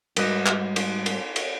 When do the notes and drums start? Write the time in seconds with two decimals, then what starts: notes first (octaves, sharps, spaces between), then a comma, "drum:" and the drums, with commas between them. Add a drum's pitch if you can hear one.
0.16 G#2 G3 F#4 B4 D#5, drum: cymbal
0.46 drum: clap
0.76 drum: cymbal
1.06 drum: cymbal
1.36 drum: cymbal